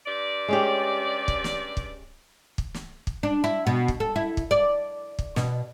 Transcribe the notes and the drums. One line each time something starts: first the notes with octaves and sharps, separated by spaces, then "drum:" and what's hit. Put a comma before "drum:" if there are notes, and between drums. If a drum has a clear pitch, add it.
G2 D5
G#3 C#4 G4
drum: kick
drum: snare
drum: kick
drum: kick
drum: snare
drum: kick
D4
E4
B2
drum: kick
A4
E4
drum: kick
D5
drum: kick
B2, drum: snare